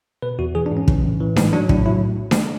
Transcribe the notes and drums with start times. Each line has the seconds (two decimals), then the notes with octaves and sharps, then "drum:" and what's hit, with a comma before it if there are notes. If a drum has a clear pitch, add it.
0.22 B2 B4
0.39 E2 F#4
0.55 E3 G#4
0.66 D4
0.72 G#2
0.77 C#4
0.88 E3, drum: kick
1.04 A2
1.20 E3
1.36 G#2, drum: snare D4
1.53 F#3 D4
1.69 A2 D4, drum: kick
1.86 F#3 E4
2.31 drum: snare D4